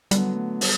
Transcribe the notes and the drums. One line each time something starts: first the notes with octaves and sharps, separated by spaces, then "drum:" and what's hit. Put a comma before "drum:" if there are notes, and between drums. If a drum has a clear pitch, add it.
D3 F#3 G3 B3, drum: hi-hat
A3
G3, drum: open hi-hat